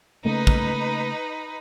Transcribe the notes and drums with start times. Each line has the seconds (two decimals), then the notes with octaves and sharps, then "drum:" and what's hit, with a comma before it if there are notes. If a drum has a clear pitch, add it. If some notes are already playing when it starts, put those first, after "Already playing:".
0.25 C#3 A3 A#3 D#4 B4
0.47 drum: kick